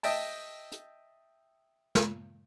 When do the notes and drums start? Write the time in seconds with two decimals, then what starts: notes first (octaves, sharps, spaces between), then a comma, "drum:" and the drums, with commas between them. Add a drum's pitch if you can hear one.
0.03 D#5 E5 G5 A5, drum: open hi-hat
0.72 drum: hi-hat
1.95 drum: snare